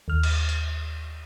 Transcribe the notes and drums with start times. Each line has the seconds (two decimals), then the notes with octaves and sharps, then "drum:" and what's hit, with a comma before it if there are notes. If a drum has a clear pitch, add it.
0.08 D#2 F6
0.23 drum: cymbal
0.49 drum: hi-hat